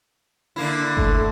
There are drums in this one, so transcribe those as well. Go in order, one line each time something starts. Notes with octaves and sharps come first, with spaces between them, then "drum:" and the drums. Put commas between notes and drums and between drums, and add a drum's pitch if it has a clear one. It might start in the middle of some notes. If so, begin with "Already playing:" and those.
D3 A#3 E4
A3, drum: kick G1